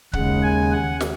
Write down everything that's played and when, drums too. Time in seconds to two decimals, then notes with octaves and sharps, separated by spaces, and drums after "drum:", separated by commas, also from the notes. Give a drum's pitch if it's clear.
0.13 D#2 C#3 G#3 F#5, drum: kick C#1
0.43 G#5
0.72 F#5
1.01 drum: snare